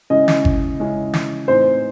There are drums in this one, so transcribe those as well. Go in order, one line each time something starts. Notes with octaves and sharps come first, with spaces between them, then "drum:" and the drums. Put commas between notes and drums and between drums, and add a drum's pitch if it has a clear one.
C#3 G#3 C#4 E4 D#5
drum: snare
drum: kick G1
C#3 G#3 C#4 E4
drum: snare
A2 E3 C4 D#4 C5